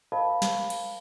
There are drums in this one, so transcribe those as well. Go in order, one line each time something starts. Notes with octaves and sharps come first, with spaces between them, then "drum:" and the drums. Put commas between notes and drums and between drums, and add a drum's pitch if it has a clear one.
A#4 C5 D#5 F5 A5 B5
drum: snare
drum: cymbal